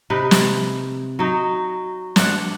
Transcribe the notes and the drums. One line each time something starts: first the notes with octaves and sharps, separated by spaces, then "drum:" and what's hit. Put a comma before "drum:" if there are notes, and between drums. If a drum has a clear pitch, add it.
C3 D#4 B4
drum: snare
F#3 D#4
D4 F#5, drum: snare